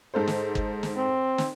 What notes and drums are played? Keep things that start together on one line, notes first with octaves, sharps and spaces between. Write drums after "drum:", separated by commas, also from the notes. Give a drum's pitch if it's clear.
G#2 A4 C5
drum: snare
drum: kick G1
drum: snare
C4
drum: snare